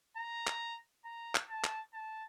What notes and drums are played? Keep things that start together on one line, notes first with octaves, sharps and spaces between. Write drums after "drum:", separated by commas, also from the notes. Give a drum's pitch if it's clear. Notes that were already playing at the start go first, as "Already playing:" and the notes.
A#5
drum: clap
A#5
drum: clap
A5
drum: clap
A5